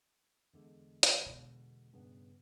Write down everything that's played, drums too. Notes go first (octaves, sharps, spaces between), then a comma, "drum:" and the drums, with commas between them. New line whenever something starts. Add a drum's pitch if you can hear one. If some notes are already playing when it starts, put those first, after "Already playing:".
E2 D3 G#3
drum: hi-hat
B2
G2 C#3 B3